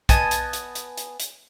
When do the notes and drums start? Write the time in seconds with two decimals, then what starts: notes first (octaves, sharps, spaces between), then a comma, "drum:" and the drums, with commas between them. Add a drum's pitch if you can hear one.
0.09 B3 D#5 G#5 A5, drum: kick, hi-hat
0.31 drum: hi-hat
0.53 drum: hi-hat
0.75 drum: hi-hat
0.98 drum: hi-hat
1.20 drum: hi-hat